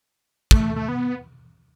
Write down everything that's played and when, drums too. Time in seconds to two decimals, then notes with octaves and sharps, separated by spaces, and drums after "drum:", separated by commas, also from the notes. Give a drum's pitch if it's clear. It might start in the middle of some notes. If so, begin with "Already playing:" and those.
0.51 A3, drum: kick
0.76 A3
0.89 B3